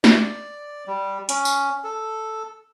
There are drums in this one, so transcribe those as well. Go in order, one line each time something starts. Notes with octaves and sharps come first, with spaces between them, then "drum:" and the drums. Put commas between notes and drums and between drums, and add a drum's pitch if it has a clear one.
D5, drum: snare
G3
C#4, drum: hi-hat
drum: tambourine
A4